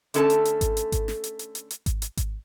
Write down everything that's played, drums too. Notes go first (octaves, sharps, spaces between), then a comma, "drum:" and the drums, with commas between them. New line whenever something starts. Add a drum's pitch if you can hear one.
D3 A3 C#4 A4 E5 A5, drum: hi-hat
drum: hi-hat
drum: hi-hat
drum: kick G#1, hi-hat
drum: hi-hat
drum: kick G#1, hi-hat
drum: snare
drum: hi-hat
drum: hi-hat
drum: hi-hat
drum: hi-hat
drum: kick G#1, hi-hat
drum: hi-hat
drum: kick G#1, hi-hat